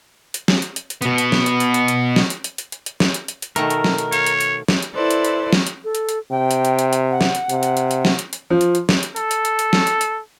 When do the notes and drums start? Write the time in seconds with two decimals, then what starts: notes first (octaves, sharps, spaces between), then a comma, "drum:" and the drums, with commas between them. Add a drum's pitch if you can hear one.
0.34 drum: hi-hat
0.48 drum: snare
0.62 drum: hi-hat
0.76 drum: hi-hat
0.90 drum: hi-hat
1.02 B2 B3, drum: hi-hat
1.18 drum: hi-hat
1.32 drum: snare
1.46 drum: hi-hat
1.60 drum: hi-hat
1.74 drum: hi-hat
1.88 drum: hi-hat
2.16 drum: snare
2.30 drum: hi-hat
2.44 drum: hi-hat
2.58 drum: hi-hat
2.72 drum: hi-hat
2.86 drum: hi-hat
3.00 drum: snare
3.14 drum: hi-hat
3.28 drum: hi-hat
3.42 drum: hi-hat
3.56 B2 D#3 A3 A#4, drum: hi-hat
3.70 drum: hi-hat
3.84 drum: snare
3.98 drum: hi-hat
4.12 C#5 F5, drum: hi-hat
4.26 drum: hi-hat
4.40 drum: hi-hat
4.68 drum: snare
4.83 drum: hi-hat
4.93 E4 A4 B4 C5 D5
5.11 drum: hi-hat
5.25 drum: hi-hat
5.53 drum: snare
5.67 drum: hi-hat
5.84 A4
5.95 drum: hi-hat
6.09 drum: hi-hat
6.31 C3 G5
6.51 drum: hi-hat
6.65 drum: hi-hat
6.79 drum: hi-hat
6.93 drum: hi-hat
7.11 F#5
7.21 drum: snare
7.35 drum: hi-hat
7.49 C3, drum: hi-hat
7.63 drum: hi-hat
7.77 drum: hi-hat
7.91 drum: hi-hat
8.05 drum: snare
8.19 drum: hi-hat
8.33 drum: hi-hat
8.50 F3
8.61 drum: hi-hat
8.75 drum: hi-hat
8.89 drum: snare
9.03 drum: hi-hat
9.16 A4, drum: hi-hat
9.31 drum: hi-hat
9.45 drum: hi-hat
9.59 drum: hi-hat
9.73 drum: snare
9.87 drum: hi-hat
10.01 drum: hi-hat